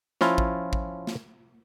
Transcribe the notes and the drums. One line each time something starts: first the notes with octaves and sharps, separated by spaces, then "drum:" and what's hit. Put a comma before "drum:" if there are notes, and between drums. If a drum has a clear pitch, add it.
F3 C#4 E4 F4, drum: snare
drum: kick
drum: kick
drum: snare